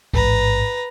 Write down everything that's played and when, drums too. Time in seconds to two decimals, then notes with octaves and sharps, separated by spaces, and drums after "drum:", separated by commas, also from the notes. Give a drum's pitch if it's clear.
0.13 A1 G#2 B4 A#5, drum: kick C#2